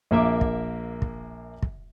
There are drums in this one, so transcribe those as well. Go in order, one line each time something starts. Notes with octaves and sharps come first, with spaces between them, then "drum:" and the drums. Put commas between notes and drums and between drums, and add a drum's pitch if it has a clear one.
A#1 A#3 E5 D6
drum: kick
drum: kick
drum: kick